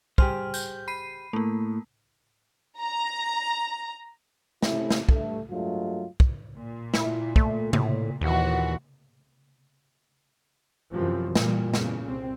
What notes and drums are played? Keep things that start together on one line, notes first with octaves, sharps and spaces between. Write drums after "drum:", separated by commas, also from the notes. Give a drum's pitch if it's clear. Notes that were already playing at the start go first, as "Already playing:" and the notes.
G3 G4 G#4 C5 F6, drum: kick
G6, drum: tambourine
B5 C7 D#7
A2 A3 A#3
A#5
C3 A3 C#4 E4, drum: snare
drum: snare
G2 A3, drum: kick
G2 F#3 G#3 A3 F4
drum: kick
A#2
E4, drum: snare
A3, drum: kick
A2, drum: tom C3
D#2 A#2 E3 F#4
F#2 C3 E3 F3
A#2 E3 G3, drum: snare
E2 C#3, drum: snare
C2 C4